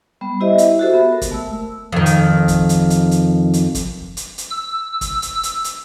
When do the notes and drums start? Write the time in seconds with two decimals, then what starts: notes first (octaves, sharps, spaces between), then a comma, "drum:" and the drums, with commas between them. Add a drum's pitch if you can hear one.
0.21 G3 B3
0.40 E4 G4 C5 D#5 E5
0.58 drum: hi-hat
0.79 F#4 G4 A4 C5 E5
0.94 B3
1.12 A#4
1.21 drum: kick, hi-hat
1.31 A3 E6
1.92 F2 D#3
2.06 drum: hi-hat
2.48 drum: kick, hi-hat
2.69 drum: hi-hat
2.90 drum: hi-hat
3.11 drum: hi-hat
3.53 drum: hi-hat
3.75 drum: kick, hi-hat
4.17 drum: hi-hat
4.38 drum: hi-hat
4.50 E6
5.01 drum: kick, hi-hat
5.22 drum: hi-hat
5.43 drum: hi-hat
5.64 drum: hi-hat